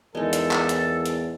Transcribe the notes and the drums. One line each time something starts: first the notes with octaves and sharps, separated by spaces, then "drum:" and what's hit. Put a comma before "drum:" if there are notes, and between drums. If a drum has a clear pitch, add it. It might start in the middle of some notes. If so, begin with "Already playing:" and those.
E2 G#3 D#4 E4 A4 A#4
drum: hi-hat
drum: clap
drum: hi-hat
drum: hi-hat